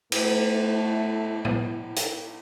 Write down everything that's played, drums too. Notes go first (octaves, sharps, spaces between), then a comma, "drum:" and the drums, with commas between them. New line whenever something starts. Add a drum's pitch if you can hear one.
A2 A3 E4, drum: cymbal
drum: tom A2
drum: hi-hat